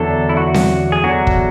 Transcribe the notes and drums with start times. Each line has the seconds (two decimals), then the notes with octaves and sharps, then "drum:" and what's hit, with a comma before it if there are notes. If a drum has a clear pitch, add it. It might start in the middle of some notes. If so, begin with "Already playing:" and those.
Already playing: E2 D3 F#3 A4
0.29 E4
0.37 F#4
0.54 drum: snare C4
0.92 G#4
1.04 E2 D3 F#3 F#4
1.27 drum: kick